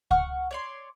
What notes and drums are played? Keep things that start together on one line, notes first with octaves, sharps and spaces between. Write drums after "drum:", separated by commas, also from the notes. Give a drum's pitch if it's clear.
F#5 C#6 F6, drum: kick C#2
C#5 D5 C6